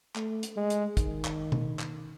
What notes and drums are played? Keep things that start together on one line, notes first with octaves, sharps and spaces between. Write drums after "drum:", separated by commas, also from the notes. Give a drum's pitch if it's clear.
A3, drum: clap
drum: hi-hat
G#3
drum: hi-hat
D#3, drum: kick, hi-hat
drum: clap
drum: tom B2
drum: clap